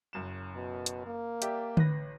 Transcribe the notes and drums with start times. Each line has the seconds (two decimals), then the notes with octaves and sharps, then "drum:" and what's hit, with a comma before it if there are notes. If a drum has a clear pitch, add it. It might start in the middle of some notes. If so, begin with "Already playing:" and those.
0.13 F#1 F#2 E7
0.55 B2
0.86 drum: hi-hat
1.07 A#3
1.42 G4 D5 E5, drum: hi-hat
1.77 A1 B4 A#6, drum: tom D3